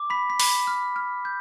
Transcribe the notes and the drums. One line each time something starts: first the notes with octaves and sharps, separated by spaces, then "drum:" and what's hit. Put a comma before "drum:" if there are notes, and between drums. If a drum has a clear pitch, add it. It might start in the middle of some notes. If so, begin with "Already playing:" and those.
Already playing: D6
B5 B6
B6
B5, drum: open hi-hat
F6
F6
G6